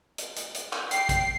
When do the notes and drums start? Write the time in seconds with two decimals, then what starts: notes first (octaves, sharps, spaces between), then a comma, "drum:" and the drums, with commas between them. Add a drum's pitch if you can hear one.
0.18 drum: hi-hat
0.36 drum: hi-hat
0.55 drum: hi-hat
0.73 drum: clap
0.91 G5 C7, drum: hi-hat
1.09 drum: kick A1, hi-hat